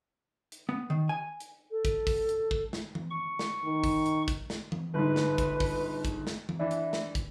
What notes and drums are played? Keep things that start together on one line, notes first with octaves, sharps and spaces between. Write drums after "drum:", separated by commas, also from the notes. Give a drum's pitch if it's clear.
drum: hi-hat
B3
D#3
G#5
drum: hi-hat
A4
drum: kick, hi-hat
drum: kick, open hi-hat
drum: hi-hat
drum: kick
drum: snare
drum: tom E3
C#6
drum: snare
D#3
drum: kick, open hi-hat
drum: hi-hat
drum: kick, hi-hat
drum: snare
drum: tom E3
G1 G#2 B4
drum: snare
drum: kick, hi-hat
drum: kick, open hi-hat
drum: kick, hi-hat
drum: snare
drum: tom E3
E3 D4 E4
drum: hi-hat
drum: snare
drum: kick, hi-hat